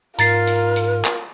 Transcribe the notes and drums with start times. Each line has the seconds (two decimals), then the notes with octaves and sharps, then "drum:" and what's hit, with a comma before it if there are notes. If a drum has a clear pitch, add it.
0.19 G#2 F4 A#4 A#5 A6 C7, drum: hi-hat
0.47 drum: hi-hat
0.76 drum: hi-hat
1.05 drum: clap